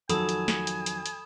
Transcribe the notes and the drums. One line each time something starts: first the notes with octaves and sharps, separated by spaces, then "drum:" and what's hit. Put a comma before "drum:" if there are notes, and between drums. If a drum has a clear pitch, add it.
F2 D#3 F#3 A4 G#5 B5 D#6 E7, drum: hi-hat
drum: hi-hat
drum: snare
drum: hi-hat
drum: hi-hat
drum: hi-hat